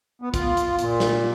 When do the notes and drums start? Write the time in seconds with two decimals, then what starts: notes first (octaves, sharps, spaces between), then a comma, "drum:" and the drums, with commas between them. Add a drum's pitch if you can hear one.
0.22 B3
0.34 F4, drum: kick, hi-hat
0.57 drum: hi-hat
0.79 A#2, drum: hi-hat
1.00 drum: snare